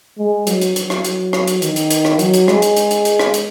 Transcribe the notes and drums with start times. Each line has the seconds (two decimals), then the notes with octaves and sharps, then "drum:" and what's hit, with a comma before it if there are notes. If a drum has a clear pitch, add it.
0.18 G#3
0.47 F#3, drum: hi-hat
0.61 drum: hi-hat
0.76 F#3, drum: hi-hat
0.90 drum: rim click
1.05 F#3, drum: hi-hat
1.33 drum: rim click
1.47 drum: hi-hat
1.62 D#3, drum: hi-hat
1.76 drum: hi-hat
1.90 drum: hi-hat
2.05 drum: rim click
2.19 F#3, drum: hi-hat
2.33 drum: hi-hat
2.48 G#3, drum: rim click
2.62 drum: hi-hat
2.76 drum: hi-hat
2.91 drum: hi-hat
3.05 drum: hi-hat
3.19 drum: rim click
3.34 drum: hi-hat